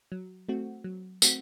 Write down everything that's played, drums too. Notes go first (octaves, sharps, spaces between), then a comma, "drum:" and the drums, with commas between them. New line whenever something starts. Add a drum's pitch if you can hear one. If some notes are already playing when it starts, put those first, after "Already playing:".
F#3
A3 C4 F#4
F#3
A3 C4 F#4, drum: tambourine